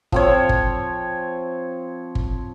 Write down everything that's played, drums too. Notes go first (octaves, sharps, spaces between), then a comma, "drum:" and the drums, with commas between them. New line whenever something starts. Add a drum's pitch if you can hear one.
F3 C4 C#5, drum: kick G1
drum: kick G1
drum: kick G1